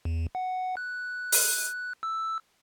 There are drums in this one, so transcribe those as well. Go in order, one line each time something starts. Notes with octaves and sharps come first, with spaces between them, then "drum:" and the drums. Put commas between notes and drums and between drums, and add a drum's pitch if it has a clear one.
E2
F#5
F#6
drum: open hi-hat
E6